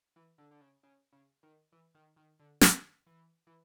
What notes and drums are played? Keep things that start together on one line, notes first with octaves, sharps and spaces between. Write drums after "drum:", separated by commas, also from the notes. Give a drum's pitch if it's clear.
E3
D3
D3
C#3
C#3
C#3
D#3
E3
D#3
D#3
D3
D#3, drum: snare
E3
E3